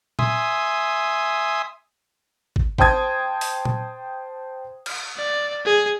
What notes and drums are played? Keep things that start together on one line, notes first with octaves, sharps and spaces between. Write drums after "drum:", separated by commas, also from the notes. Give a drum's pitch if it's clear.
E5 G#5 C6 D#6, drum: tom A#2
drum: kick
C5 G5 A5 D#6 G#6, drum: kick
drum: open hi-hat
drum: tom A#2
drum: cymbal
D5
G#4